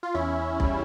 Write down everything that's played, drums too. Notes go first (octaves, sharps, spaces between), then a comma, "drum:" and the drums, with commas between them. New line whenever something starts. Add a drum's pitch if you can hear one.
F4
E2 C#4 E4
C#3 G3, drum: kick B1